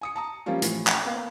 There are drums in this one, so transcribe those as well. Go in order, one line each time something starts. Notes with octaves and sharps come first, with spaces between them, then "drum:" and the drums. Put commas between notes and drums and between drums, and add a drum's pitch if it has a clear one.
G#5 D#6 C#7
A5 A#5 D#6
F3 G3 A#3 C4 C#4 F4
A2 E3 F3, drum: hi-hat
G5, drum: clap
A#3 B3 F5